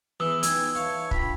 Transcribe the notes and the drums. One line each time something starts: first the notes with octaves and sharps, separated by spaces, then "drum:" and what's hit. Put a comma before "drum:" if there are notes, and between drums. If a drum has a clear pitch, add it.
E3 B3 G#4 D#6 E6
D#4 G5 G#5 E6, drum: hi-hat
B4 C#5 E5 F5 A5
D4 F4 G5 B5, drum: kick